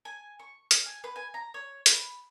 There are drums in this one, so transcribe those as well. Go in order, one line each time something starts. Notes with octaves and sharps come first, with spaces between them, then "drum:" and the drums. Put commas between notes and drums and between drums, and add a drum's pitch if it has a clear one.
G#5
C#6
F6, drum: hi-hat
G#5
B4
G#5
A#5
C#5
B5, drum: hi-hat